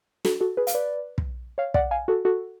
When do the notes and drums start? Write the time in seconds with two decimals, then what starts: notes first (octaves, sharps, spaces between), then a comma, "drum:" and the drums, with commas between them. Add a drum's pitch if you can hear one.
0.25 F#4 A4, drum: snare
0.40 F#4 A4
0.57 G#4 B4
0.67 F5, drum: hi-hat
0.75 B4 D5
1.18 drum: kick
1.58 C#5 F5
1.74 D5 F#5, drum: kick
1.91 F5 G#5
2.08 F#4 A4
2.25 F#4 A4